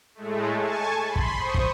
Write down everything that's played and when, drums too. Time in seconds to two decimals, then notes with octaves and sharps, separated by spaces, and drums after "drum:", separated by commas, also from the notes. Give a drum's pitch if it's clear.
0.15 A2 G#3 A3
0.58 G#5 A5 C#6
1.01 B5 C6
1.16 drum: kick
1.35 C5 C#6 D#6
1.54 drum: kick